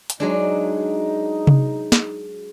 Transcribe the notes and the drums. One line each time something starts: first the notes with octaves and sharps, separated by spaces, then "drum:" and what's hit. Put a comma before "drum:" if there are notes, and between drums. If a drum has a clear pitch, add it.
drum: hi-hat
F#3 G#3 D4 D#4
drum: tom C3
drum: snare